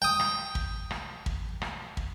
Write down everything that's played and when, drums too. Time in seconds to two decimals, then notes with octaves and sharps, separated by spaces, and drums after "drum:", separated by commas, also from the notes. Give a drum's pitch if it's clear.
0.02 G5 D#6
0.20 drum: rim click
0.55 drum: kick
0.91 drum: rim click
1.26 drum: kick
1.62 drum: rim click
1.97 drum: kick